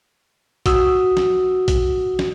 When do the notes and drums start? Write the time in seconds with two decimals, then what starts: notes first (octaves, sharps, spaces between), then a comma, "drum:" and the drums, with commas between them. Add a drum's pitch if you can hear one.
0.66 F#4 D#6 E6, drum: kick A#1, hi-hat
1.17 drum: snare
1.68 drum: kick A#1, hi-hat
2.19 drum: snare